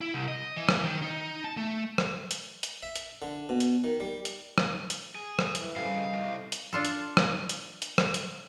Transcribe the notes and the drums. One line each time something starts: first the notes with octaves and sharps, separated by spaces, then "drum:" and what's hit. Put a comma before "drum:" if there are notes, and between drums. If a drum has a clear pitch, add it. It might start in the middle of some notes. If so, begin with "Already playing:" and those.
E4
C2
D#5
E3
drum: rim click
D#3
D#4
A5
A3
drum: rim click
drum: hi-hat
drum: hi-hat
E5
drum: hi-hat
D3
B2
drum: hi-hat
D#3
G3
drum: hi-hat
drum: rim click
drum: hi-hat
G#4
drum: rim click
F2 E3, drum: hi-hat
G2 C#3 G3 A4 C5 F5
D#4
C2 F#2
drum: hi-hat
D4 F4 A4
drum: hi-hat
drum: rim click
drum: hi-hat
drum: hi-hat
drum: rim click
drum: hi-hat